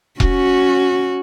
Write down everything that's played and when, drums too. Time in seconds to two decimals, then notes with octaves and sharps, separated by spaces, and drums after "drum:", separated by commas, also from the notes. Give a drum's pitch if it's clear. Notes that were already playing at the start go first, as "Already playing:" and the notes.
0.20 C#4 F#4, drum: kick E1